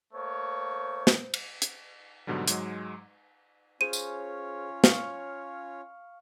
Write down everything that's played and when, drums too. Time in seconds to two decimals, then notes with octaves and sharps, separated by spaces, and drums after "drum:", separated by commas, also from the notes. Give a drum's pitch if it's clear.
0.13 A3 A#3 C5 C#5
1.07 drum: snare
1.34 drum: cymbal
1.62 drum: hi-hat
2.27 G#2 B2 D3 F#3 G3
2.48 G#2 F#3 G#3, drum: hi-hat
3.81 C#4 F4 G#4 C5 C#5 D#7
3.93 drum: tambourine
4.84 F5 C#6 F6, drum: snare